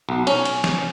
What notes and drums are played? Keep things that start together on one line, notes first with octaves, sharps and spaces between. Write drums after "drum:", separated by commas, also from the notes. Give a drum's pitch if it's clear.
B1
C#4, drum: cymbal
drum: cymbal
drum: snare